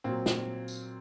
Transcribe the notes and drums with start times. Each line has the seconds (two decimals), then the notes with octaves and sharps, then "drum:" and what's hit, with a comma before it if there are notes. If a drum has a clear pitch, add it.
0.04 A#2 F#3 C4
0.26 drum: snare
0.68 drum: tambourine